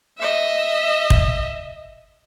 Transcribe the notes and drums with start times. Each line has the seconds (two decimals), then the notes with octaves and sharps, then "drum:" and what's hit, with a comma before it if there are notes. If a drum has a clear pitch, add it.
0.18 D#5 E5
1.10 drum: kick